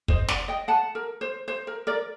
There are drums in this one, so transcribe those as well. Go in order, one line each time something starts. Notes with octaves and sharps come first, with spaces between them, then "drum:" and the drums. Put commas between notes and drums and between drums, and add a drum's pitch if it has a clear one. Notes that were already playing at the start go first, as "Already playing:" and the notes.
C5 D#5, drum: kick
D5 F#5, drum: snare
D#5 G5
F#5 A5
A#4
C5
C5
A#4
A#4 D5